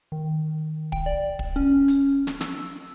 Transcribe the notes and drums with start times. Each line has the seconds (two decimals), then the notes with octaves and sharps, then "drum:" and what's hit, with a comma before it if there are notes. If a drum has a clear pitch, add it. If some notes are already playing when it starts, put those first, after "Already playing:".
0.12 D#3
0.92 G5, drum: kick
1.06 D5
1.39 drum: kick
1.56 C#4
1.88 drum: hi-hat
2.27 drum: snare
2.41 E6, drum: snare